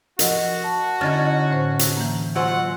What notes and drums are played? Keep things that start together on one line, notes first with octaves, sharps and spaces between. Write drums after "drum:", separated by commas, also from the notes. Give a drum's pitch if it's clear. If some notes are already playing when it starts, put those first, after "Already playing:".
F3 F#4 A#4 D#5 F#5, drum: hi-hat
A5
D3 C#4 D#4 E4 A6
A2 C5
drum: hi-hat
E3 A#3
F#3 F4 C5 F#5 G#5 E6